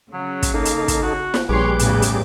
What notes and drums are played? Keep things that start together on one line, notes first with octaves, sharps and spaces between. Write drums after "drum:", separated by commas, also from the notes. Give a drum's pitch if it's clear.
C#3 F#3
drum: kick, hi-hat
A#3 D#4 A4
drum: hi-hat
drum: kick, hi-hat
F#4
drum: snare
A#1 G3 G#4 B4 C#5 C6 D6
A1 E2 C#3, drum: hi-hat
drum: hi-hat